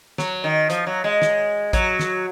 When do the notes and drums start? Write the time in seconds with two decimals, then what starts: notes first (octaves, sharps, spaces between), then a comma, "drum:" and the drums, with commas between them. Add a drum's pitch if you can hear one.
0.18 F#3, drum: snare
0.44 D#3
0.70 F3, drum: hi-hat
0.86 F#3
1.04 G#3
1.22 drum: snare
1.73 F#3, drum: kick A1, hi-hat
1.99 drum: snare